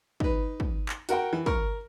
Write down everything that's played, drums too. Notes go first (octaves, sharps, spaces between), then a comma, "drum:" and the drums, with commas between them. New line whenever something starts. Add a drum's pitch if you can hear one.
D#4 B4, drum: kick
drum: kick
drum: clap
F#4 A#4 F#5 G5, drum: hi-hat
E3
A#4 C#6 F6, drum: kick